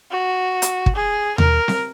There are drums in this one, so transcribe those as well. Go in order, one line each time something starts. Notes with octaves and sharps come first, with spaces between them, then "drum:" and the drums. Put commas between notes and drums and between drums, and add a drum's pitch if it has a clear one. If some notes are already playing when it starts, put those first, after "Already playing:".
F#4
drum: hi-hat
drum: kick
G#4
A#4, drum: tom D#2
drum: snare C4